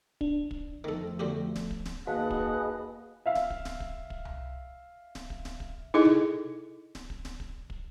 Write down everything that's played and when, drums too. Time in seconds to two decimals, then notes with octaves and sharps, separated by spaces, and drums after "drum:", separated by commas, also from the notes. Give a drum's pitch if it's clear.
0.21 D4, drum: kick
0.51 drum: kick
0.84 F2 D#3 F3 A3 A4
1.20 D3 F#4 G4
1.56 drum: snare D1
1.71 drum: kick
1.86 drum: snare D1
2.07 D#2 F#4 G#4 B4 D#5 F5 F#5 A5
2.30 drum: kick
3.26 E5 F5
3.35 drum: snare D1
3.50 drum: kick
3.65 drum: snare D1
3.80 drum: kick
4.10 drum: kick
4.25 drum: tom C2
5.15 drum: snare D1
5.30 drum: kick
5.45 drum: snare D1
5.60 drum: kick
5.94 D#4 E4 G#4 A4 D#5
6.05 drum: tom C3
6.95 drum: snare D1
7.10 drum: kick
7.25 drum: snare D1
7.40 drum: kick
7.70 drum: kick